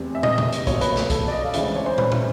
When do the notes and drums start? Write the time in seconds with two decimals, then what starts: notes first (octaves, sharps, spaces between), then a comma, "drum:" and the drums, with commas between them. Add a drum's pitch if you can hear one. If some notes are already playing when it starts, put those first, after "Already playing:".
Already playing: F1 E2 C3
0.15 E5
0.23 D#5, drum: tom
0.38 drum: tom C3
0.52 drum: hi-hat
0.67 B1 B2 F#3 A#3 C#5, drum: kick, hi-hat
0.81 B4, drum: hi-hat
0.96 drum: snare
1.10 A4, drum: kick, hi-hat
1.28 D5
1.32 D#5
1.44 F5
1.54 D2 C#3 E3 G#3 C4 E5, drum: hi-hat
1.64 D5
1.76 C#5
1.86 C5
1.98 B4, drum: tom
2.12 C5, drum: tom